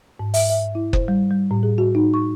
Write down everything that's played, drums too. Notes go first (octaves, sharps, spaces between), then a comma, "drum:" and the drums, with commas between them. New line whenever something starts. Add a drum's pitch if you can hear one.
G#2
E5, drum: open hi-hat
E5
E4
C5, drum: kick F#1
G3
G3
A2
G#4
F#4
D#4
C#6